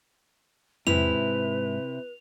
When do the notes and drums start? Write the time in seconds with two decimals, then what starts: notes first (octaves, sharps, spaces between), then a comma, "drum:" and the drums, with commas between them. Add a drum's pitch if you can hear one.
0.87 E2 G#2 C3 E4 B4 F7, drum: tom E2